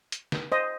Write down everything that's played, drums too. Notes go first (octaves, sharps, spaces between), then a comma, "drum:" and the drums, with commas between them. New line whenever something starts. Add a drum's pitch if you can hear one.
drum: hi-hat
drum: snare
C5 D#5